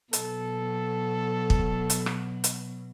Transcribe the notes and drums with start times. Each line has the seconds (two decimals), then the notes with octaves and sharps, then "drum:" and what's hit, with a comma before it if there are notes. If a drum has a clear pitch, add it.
0.13 B2 F#3 A4, drum: hi-hat
1.50 drum: kick
1.90 drum: hi-hat
2.06 drum: rim click
2.44 drum: hi-hat